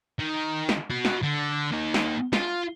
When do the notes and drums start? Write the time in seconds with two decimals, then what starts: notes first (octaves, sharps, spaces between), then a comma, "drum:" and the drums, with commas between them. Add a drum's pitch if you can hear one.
0.19 D#3
0.69 drum: snare
0.90 F#4 B5
1.05 drum: snare
1.23 D3
1.71 A#3 D#4
1.94 drum: snare
2.33 F4, drum: snare